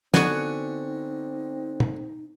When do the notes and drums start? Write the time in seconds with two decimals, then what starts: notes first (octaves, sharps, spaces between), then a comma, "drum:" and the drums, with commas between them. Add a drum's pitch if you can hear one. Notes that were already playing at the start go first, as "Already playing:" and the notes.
0.14 D3 B3 C4 D#4 F#4 G#5 C#6, drum: snare
1.80 drum: tom